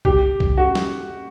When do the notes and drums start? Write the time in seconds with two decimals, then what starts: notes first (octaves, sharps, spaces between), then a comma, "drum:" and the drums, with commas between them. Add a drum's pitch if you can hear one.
0.05 G4, drum: kick C2
0.40 drum: kick C2
0.58 F#4
0.75 drum: snare